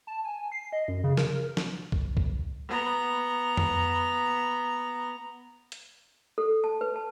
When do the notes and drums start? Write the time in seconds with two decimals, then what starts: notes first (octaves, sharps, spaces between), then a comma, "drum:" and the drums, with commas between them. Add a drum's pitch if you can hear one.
0.07 A5
0.24 G#5
0.52 C7
0.73 D#5
0.88 F#2
1.04 C#3
1.17 A#4, drum: snare
1.57 drum: snare
1.92 drum: kick
2.17 drum: kick
2.69 B3 A#5
3.57 drum: tom F2
5.72 drum: hi-hat
6.38 A4
6.64 A5
6.81 B4
6.96 A5